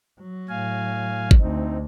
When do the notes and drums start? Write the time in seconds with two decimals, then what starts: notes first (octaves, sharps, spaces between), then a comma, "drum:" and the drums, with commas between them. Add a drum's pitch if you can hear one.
0.21 F#3
0.49 A2 F5 G#5
1.31 drum: kick
1.40 D2 C4 D#4